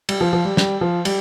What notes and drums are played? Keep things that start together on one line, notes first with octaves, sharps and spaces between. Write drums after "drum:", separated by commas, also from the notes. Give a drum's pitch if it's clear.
G3, drum: cymbal
F3
F3
G3
G3, drum: snare
F3
G3, drum: cymbal